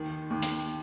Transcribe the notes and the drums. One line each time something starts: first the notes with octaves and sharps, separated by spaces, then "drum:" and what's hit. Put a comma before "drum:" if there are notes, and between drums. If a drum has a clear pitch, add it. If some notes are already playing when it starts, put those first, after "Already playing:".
Already playing: D#2 D#3
D#2
drum: hi-hat